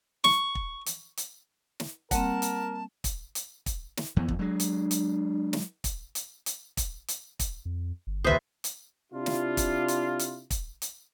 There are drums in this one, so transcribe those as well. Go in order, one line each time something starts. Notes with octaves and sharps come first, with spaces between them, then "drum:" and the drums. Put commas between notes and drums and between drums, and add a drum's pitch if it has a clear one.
C#6, drum: snare
drum: kick
drum: hi-hat
drum: hi-hat
drum: snare
G3 A#3 C4 A#4 F#5 A5, drum: kick, hi-hat
drum: hi-hat
drum: kick, hi-hat
drum: hi-hat
drum: kick, hi-hat
drum: snare
F2 E3 B3
drum: kick
F#3 G#3 D4
drum: hi-hat
drum: hi-hat
drum: snare
drum: kick, hi-hat
drum: hi-hat
drum: hi-hat
drum: kick, hi-hat
drum: hi-hat
drum: kick, hi-hat
F2
G1
D#1 C2 B4 C5 E5 D#6
drum: hi-hat
C3 D4 E4 F4
drum: snare
drum: kick, hi-hat
drum: hi-hat
drum: hi-hat
drum: kick, hi-hat
drum: hi-hat